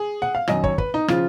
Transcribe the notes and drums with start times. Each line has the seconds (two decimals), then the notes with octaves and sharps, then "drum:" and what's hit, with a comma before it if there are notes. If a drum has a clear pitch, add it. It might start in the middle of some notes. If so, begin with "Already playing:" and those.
Already playing: G#4
0.22 F#5
0.35 F5
0.48 F#2 D#3 F#3 D#5, drum: rim click
0.64 C#5, drum: kick
0.78 B4, drum: kick
0.94 D#4
1.08 C#3 F3 F4, drum: rim click